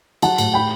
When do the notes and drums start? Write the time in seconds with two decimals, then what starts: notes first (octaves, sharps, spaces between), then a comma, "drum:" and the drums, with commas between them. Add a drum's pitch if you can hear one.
0.22 F#3 F#5 A5, drum: cymbal
0.38 A2, drum: cymbal
0.54 G5 B5